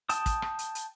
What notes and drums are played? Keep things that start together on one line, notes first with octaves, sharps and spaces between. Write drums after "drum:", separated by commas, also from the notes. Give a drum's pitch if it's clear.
G5 A5 D#6, drum: hi-hat
drum: kick, hi-hat
drum: rim click
drum: hi-hat
drum: hi-hat